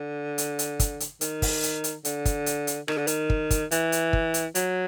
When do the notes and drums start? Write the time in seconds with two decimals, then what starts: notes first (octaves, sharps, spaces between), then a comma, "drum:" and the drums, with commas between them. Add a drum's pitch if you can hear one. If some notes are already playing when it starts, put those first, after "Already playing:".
Already playing: D3
0.38 drum: hi-hat
0.59 drum: hi-hat
0.80 drum: kick, hi-hat
1.00 drum: hi-hat
1.21 D#3, drum: hi-hat
1.42 drum: kick, open hi-hat
1.63 drum: hi-hat
1.84 drum: hi-hat
2.05 D3, drum: hi-hat
2.25 drum: kick, hi-hat
2.46 drum: hi-hat
2.67 drum: hi-hat
2.88 D#3, drum: rim click
2.98 D3
3.07 D#3, drum: hi-hat
3.30 drum: kick
3.51 drum: kick, hi-hat
3.71 E3, drum: hi-hat
3.92 drum: hi-hat
4.13 drum: kick
4.34 drum: hi-hat
4.55 F#3, drum: hi-hat